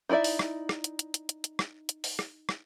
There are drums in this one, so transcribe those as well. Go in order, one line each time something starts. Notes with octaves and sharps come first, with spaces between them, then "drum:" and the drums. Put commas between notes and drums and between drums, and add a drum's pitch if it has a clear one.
D#4 E4 A#4 D5 E5
drum: open hi-hat
drum: rim click
drum: rim click
drum: hi-hat
drum: hi-hat
drum: hi-hat
drum: hi-hat
drum: hi-hat
drum: rim click
drum: hi-hat
drum: open hi-hat
drum: rim click
drum: rim click